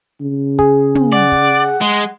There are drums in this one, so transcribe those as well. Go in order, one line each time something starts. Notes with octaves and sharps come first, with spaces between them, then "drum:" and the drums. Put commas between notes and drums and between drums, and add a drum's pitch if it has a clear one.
C#3
G#4, drum: kick
drum: tom
D5 F#5
drum: kick
G#3